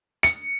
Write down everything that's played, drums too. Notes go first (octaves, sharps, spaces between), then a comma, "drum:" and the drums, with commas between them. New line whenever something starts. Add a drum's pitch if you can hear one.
C#7, drum: hi-hat